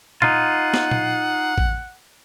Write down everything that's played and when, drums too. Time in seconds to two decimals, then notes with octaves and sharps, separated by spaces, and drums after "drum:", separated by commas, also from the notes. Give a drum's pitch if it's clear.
0.22 D#4 F4 F#5, drum: tom
0.74 drum: snare
0.91 drum: tom
1.58 drum: kick A1